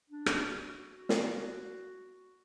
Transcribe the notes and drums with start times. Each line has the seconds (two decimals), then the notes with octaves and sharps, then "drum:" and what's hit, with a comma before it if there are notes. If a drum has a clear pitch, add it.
0.10 D4
0.26 drum: rim click
0.47 F#4
1.09 drum: snare